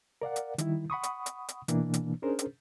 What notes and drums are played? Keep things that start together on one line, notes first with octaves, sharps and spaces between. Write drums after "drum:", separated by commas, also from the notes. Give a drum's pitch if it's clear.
A#4 D5 F5 F#5
drum: hi-hat
D#3 G3 E4, drum: hi-hat
F#5 B5 C#6 D#6
drum: hi-hat
drum: hi-hat
drum: hi-hat
B2 E3 A#3 D4, drum: hi-hat
drum: hi-hat
C#4 D4 G#4 A#4 C5
drum: hi-hat